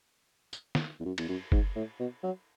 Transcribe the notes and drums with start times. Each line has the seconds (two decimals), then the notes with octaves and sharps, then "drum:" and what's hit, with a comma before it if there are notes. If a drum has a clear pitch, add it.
0.53 drum: tambourine
0.75 drum: snare
1.00 E2
1.05 F#2
1.18 E2, drum: cymbal
1.29 F#2
1.52 G#2, drum: kick F#1
1.76 A2
2.00 B2
2.23 F#3